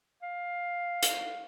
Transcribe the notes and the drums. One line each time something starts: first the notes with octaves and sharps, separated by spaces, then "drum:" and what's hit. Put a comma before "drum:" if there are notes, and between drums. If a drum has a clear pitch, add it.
F5
drum: hi-hat